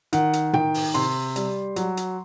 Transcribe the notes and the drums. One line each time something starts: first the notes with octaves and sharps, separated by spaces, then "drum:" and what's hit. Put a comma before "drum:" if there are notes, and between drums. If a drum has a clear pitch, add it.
D#3 F#5, drum: hi-hat
drum: hi-hat
D#3 G5, drum: tom
drum: open hi-hat
C3 C6, drum: hi-hat
G3, drum: hi-hat
F#3, drum: hi-hat
drum: hi-hat